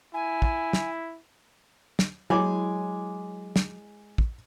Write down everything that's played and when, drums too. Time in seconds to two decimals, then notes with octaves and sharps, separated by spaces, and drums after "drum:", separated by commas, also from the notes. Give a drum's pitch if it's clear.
0.14 E4 G#5
0.42 drum: kick
0.73 drum: snare
1.99 drum: snare
2.30 F#3 G#3 E4 C#5 G#5 B5 D6
3.56 drum: snare
4.18 drum: kick